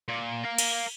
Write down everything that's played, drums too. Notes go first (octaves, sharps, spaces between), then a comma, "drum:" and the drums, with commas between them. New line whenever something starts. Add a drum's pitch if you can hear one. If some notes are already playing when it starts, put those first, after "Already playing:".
A#2
A#4 F5
drum: cymbal